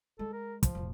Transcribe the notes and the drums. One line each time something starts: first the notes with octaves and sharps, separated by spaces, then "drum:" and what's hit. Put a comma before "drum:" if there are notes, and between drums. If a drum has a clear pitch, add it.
G#3 A4
A#4
F3, drum: kick, hi-hat
E1 A2